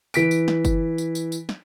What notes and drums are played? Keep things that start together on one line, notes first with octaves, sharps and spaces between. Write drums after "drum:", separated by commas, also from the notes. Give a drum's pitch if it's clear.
E3 B6 D7, drum: tambourine
drum: tambourine
drum: snare
drum: kick F#1, tambourine
drum: tambourine
drum: tambourine
drum: tambourine
drum: snare